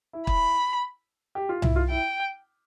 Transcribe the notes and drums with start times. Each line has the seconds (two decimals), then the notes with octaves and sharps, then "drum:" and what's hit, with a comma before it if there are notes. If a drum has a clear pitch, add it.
0.13 E4
0.27 B5, drum: kick
1.35 G4
1.49 F4
1.62 E4, drum: tom C2
1.76 F4
1.90 E4 G5